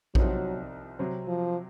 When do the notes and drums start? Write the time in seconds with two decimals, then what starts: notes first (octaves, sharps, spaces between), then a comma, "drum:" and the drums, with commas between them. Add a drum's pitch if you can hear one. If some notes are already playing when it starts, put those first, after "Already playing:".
0.15 C2 C3 F3 F#3 C4 D#4, drum: kick A#1
0.99 C3 F#3 C4
1.27 F3